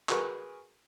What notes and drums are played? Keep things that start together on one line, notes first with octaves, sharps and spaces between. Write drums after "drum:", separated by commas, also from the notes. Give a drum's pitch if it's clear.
F#4 G#4 A#4 B4 C#6, drum: clap